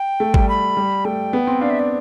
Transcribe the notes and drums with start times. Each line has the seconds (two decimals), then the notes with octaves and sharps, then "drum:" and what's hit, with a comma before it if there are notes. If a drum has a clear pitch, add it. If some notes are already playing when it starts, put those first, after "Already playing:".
Already playing: G5
0.20 A3
0.34 G3, drum: kick G#1
0.49 B5
0.77 G3
1.05 A3 G5
1.33 B3
1.47 C4
1.61 D4 F5
1.70 E5
1.79 D5